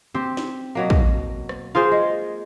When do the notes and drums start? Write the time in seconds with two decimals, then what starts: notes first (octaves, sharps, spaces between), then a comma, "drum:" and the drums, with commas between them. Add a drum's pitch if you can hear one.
0.14 C4 G4
0.37 drum: snare
0.75 B2 F#3 A#3
0.90 drum: kick
1.49 drum: rim click
1.75 A#3 F4 G#4 C5
1.92 G#3